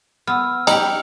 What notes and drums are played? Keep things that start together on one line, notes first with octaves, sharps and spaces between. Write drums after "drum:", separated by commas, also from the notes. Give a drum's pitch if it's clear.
B3 E6 F6
G3 D#4 G4, drum: cymbal